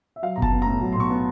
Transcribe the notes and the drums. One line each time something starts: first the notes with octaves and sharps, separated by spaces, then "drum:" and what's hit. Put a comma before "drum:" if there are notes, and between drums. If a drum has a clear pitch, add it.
E5
F#3 F5
B1 A#5
A5, drum: kick F#1
B3
A#5
A2
F#3
C6
B1 C#6
B3